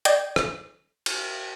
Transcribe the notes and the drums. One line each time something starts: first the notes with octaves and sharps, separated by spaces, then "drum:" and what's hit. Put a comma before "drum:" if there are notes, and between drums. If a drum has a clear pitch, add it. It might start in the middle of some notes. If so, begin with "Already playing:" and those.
D5 D#5 G5 G6 G#6, drum: hi-hat
drum: rim click
drum: cymbal